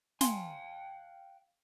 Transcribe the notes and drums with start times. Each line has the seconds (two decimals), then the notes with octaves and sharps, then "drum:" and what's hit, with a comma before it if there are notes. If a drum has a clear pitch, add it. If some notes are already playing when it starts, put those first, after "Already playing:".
0.21 F5 G5 G#5 C6, drum: snare